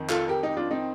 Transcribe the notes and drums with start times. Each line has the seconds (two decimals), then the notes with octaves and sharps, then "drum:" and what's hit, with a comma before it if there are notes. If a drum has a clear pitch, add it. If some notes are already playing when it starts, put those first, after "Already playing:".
Already playing: F2 D#3
0.09 F4 A4, drum: clap
0.28 G4 A#4
0.43 D#4 G4
0.57 D4 F4
0.71 C4 D#4